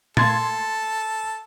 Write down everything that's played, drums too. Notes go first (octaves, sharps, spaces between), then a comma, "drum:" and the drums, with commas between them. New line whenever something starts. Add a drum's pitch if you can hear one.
A4 C6 G#6 A6, drum: tom A#2